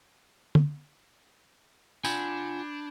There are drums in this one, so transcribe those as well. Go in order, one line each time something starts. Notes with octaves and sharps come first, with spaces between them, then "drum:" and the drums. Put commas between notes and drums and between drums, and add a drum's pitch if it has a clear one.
drum: tom
D4 F4 F#5 G#5 B5 G6 G#6, drum: tambourine